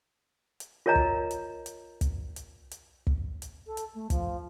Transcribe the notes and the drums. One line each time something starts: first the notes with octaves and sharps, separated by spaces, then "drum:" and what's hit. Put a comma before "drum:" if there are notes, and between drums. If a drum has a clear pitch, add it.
drum: hi-hat
F4 A#4 C#5 D#5 A#5
drum: kick
drum: hi-hat
drum: hi-hat
drum: kick, hi-hat
drum: hi-hat
drum: hi-hat
drum: kick
drum: hi-hat
A4
drum: hi-hat
A3
F3, drum: kick, hi-hat